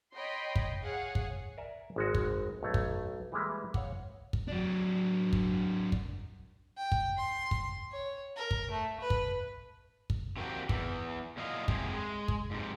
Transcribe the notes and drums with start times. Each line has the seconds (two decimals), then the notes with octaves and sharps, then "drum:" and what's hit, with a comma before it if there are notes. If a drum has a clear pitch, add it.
0.15 C#5 D#5 G5 B5 C6
0.56 drum: kick
0.82 G#4 C#5 F5 F#5
1.15 drum: kick
1.58 A#4 D5 E5 G#5 A#5
1.96 G#1 G#3 F#4
2.15 drum: kick
2.63 B1 A3 C#5
2.74 drum: kick
3.32 E3 G3 G#3 A#3 E4
3.74 C#5 F5 F#5, drum: kick
4.33 drum: kick
4.48 F#3 D4
5.33 drum: kick
5.92 drum: kick
6.77 G5
6.92 drum: kick
7.17 C6
7.51 drum: kick
7.92 C#5
8.36 A#4
8.51 drum: kick
8.71 A3
9.01 B4
9.10 drum: kick
10.10 drum: kick
10.37 C3 D#3 A#3 F#4 G5
10.69 E2 G#2 E3, drum: kick
11.37 A#2 F#3 E4 D#5 F5
11.68 F#3 G#3 C4 E4 G4 G#4, drum: kick
11.93 G#3
12.28 drum: kick
12.51 G#2 C3